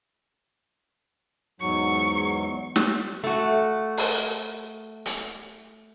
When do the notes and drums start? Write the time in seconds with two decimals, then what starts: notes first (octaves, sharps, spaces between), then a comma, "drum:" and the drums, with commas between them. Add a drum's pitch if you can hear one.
1.60 E2 G#2 F#3 C#6
2.76 drum: snare
3.24 A3 F#4
3.97 drum: open hi-hat
5.06 drum: hi-hat